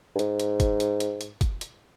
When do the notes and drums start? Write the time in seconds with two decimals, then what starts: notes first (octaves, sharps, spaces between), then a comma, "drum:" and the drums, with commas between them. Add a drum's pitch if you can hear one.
0.15 G2
0.19 G#2, drum: hi-hat
0.40 drum: hi-hat
0.60 drum: kick G1, hi-hat
0.80 drum: hi-hat
1.00 drum: hi-hat
1.21 drum: hi-hat
1.41 drum: kick G1, hi-hat
1.61 drum: hi-hat